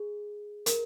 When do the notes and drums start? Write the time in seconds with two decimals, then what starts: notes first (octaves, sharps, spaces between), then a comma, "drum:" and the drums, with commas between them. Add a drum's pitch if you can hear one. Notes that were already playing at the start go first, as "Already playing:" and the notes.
Already playing: G#4
0.66 A#4, drum: hi-hat